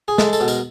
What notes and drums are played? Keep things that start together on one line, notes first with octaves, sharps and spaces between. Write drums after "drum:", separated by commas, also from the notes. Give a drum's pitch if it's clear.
G#4
G#3 A4, drum: snare
A4, drum: tambourine
B2
A#4, drum: tambourine